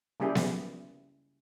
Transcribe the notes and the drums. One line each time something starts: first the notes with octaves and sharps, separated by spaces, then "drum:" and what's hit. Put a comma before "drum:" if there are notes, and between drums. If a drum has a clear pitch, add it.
C#3 G3 A#3 E4 G4 G#4
drum: snare B3